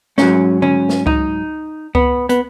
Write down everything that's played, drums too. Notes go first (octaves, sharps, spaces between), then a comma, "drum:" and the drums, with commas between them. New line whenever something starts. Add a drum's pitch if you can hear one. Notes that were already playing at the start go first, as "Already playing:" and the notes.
G#2 F#3 C#4, drum: snare
C#4, drum: tom D3
drum: snare
D#4, drum: kick C#2
B3, drum: kick C#2
B3, drum: hi-hat